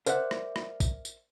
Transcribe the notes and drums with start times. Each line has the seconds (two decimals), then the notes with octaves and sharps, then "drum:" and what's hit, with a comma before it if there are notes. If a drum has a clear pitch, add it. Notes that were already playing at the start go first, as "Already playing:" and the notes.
0.06 A#4 C5 D5 E5 F#5, drum: tambourine
0.31 drum: rim click
0.56 drum: rim click
0.80 drum: kick, tambourine
1.05 drum: tambourine